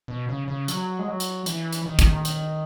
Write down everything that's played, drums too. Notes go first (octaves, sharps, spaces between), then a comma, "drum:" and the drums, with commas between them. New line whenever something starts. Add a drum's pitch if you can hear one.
B2
C#3
C#3
F#3, drum: hi-hat
G#3
F#3
drum: hi-hat
E3, drum: hi-hat
drum: hi-hat
D#3
drum: kick, hi-hat
drum: hi-hat